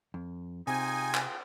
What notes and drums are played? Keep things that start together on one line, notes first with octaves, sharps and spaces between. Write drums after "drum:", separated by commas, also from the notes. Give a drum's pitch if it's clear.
F2
C3 D#4 F4 G#4 G5 G#5
drum: clap